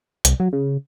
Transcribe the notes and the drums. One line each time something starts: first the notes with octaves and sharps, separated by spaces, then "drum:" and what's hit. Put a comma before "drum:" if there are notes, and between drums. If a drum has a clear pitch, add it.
C2, drum: hi-hat
F#3
C#3